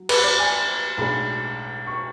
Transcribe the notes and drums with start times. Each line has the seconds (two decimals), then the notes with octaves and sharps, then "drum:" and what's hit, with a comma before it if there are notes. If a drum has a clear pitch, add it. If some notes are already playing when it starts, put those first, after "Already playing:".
Already playing: F#3
0.09 B4, drum: cymbal
0.24 D5
0.39 G#5
0.98 B1 A2 G#3 D4 B5
1.87 C#6